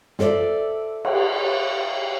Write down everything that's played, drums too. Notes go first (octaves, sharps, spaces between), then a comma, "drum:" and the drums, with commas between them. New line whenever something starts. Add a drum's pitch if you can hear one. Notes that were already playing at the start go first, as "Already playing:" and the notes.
F4 A4 C5 D5 E5, drum: snare
drum: cymbal